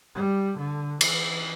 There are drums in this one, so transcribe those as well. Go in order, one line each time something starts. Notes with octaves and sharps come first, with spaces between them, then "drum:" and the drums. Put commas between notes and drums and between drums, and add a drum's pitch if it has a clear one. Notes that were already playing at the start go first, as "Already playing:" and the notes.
G3
D3
E3, drum: cymbal